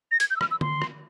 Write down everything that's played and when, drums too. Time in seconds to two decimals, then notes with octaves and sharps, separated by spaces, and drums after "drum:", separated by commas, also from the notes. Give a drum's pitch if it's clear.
0.11 A#6
0.20 G#6, drum: hi-hat
0.30 G6
0.36 E6
0.41 F6, drum: rim click
0.51 E6
0.61 C6, drum: tom D3
0.82 drum: rim click